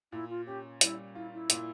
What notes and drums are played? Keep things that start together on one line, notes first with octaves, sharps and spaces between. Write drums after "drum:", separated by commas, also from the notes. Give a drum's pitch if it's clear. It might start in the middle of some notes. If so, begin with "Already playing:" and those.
A#2 E4
F4
C#4 G4
G3 E4, drum: hi-hat
E4 F4
E4
A#2, drum: hi-hat